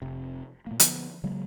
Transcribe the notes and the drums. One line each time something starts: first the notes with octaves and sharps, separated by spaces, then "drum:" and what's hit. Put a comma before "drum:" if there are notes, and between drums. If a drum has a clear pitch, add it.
F1 C3
A#2 A3 A#3
D3 F3 B3, drum: hi-hat
C#3 F#3 G#3 A#3